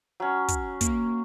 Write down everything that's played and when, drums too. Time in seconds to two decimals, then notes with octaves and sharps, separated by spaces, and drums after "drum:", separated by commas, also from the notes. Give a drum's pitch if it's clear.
0.20 F#3 C#4
0.48 drum: kick, hi-hat
0.81 A#3, drum: kick, hi-hat